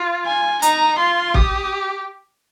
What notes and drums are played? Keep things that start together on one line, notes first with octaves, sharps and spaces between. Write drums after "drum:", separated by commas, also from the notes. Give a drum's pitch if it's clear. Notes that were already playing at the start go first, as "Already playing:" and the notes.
Already playing: F4
G#5
D#4 A#5, drum: hi-hat
F4 C6
G4 D#6, drum: kick